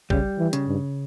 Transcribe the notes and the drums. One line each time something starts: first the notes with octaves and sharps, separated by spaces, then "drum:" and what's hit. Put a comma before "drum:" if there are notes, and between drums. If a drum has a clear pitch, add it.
C#3 G3, drum: kick
E3
C#3, drum: hi-hat
G2